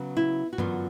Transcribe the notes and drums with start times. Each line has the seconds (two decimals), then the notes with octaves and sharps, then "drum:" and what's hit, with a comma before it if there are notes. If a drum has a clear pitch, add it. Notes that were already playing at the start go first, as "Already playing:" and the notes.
Already playing: C#3 F#3 B3
0.17 E4
0.53 F#4
0.58 F#2 D3 F#3 B3 F4, drum: tom G2